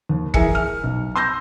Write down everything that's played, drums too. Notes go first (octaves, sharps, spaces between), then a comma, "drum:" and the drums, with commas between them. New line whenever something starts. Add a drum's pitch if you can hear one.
D#2
E3 G#4 A#4 E5 G#5 C#7, drum: kick
F6
B1
C6 E6 G6 A#6